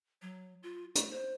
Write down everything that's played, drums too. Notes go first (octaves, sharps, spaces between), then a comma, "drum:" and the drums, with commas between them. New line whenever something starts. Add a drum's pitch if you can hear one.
F#3
F4
A3, drum: hi-hat
C5